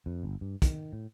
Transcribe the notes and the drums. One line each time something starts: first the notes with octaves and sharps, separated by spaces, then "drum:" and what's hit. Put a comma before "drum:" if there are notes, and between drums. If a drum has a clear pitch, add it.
F2
G1
G2
D#3, drum: kick, hi-hat
A2